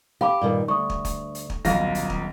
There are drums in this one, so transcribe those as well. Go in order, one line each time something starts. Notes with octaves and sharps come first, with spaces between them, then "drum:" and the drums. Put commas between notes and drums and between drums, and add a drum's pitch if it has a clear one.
G4 F5 B5 D6
G2 A#2 D#3
D2 C#6 D#6
drum: kick
drum: kick, hi-hat
drum: hi-hat
drum: kick
D#1 B1 F5 A#6, drum: kick, hi-hat
drum: hi-hat
drum: kick